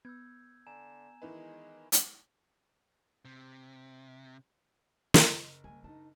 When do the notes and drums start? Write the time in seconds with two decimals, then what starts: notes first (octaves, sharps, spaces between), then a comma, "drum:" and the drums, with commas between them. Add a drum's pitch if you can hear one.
0.05 B3 E6 G6 G#6
0.67 D3 G#5 A#5 E7
1.22 D#3 E3 G#3 B4
1.92 drum: hi-hat
3.25 C3
5.14 drum: snare
5.26 F#1 D#5
5.64 G3 A#3 G#5
5.84 D4 D#4 A5